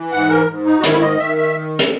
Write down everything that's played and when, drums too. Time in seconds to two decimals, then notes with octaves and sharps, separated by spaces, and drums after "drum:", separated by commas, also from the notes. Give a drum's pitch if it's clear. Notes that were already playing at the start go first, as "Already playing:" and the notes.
Already playing: E3
0.12 G#2 F#5
0.30 A#4
0.48 G#2
0.66 D#4
0.79 F#4
0.84 D#3 E4, drum: hi-hat
1.02 D#5
1.19 D#3 E5
1.37 E5
1.79 drum: hi-hat